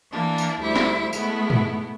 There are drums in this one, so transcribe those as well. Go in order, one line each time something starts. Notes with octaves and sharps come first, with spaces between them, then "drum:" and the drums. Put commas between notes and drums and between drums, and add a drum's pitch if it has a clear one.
E3 A#3 D4
drum: tambourine
D2 G3 E4 C5
drum: snare
G#3 A3 B3 E4, drum: tambourine
drum: tom